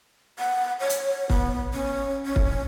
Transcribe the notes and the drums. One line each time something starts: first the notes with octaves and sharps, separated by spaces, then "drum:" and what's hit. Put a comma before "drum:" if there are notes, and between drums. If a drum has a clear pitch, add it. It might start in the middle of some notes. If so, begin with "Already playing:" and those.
F#5
C#5
drum: hi-hat
B3, drum: kick
C#4
C#4
drum: kick